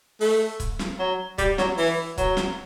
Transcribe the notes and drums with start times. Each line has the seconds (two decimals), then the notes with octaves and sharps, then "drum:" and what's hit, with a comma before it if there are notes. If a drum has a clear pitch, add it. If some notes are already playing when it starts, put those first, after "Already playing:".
0.21 A3, drum: open hi-hat
0.60 drum: kick, hi-hat
0.79 drum: snare
0.99 F#3
1.38 G3, drum: kick, hi-hat
1.58 F#3, drum: snare
1.78 E3, drum: open hi-hat
2.18 F#3, drum: kick, hi-hat
2.37 drum: snare